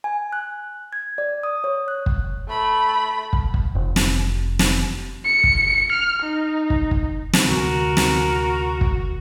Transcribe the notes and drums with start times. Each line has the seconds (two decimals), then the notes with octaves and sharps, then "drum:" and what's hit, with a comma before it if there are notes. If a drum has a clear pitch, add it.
0.04 G#5
0.33 F#6
0.93 G#6
1.18 D5
1.43 D#6
1.64 C#5
1.88 F#6
2.06 drum: kick
2.48 A3 B5
3.33 drum: kick
3.54 drum: kick
3.75 F1
3.96 drum: snare
4.59 drum: snare
5.25 C#7
5.44 drum: kick
5.92 F6
6.22 D#4
6.70 drum: kick
6.91 drum: kick
7.33 drum: snare
7.46 D2 C3 G#3 F#4 A#4
7.97 drum: snare
8.81 drum: kick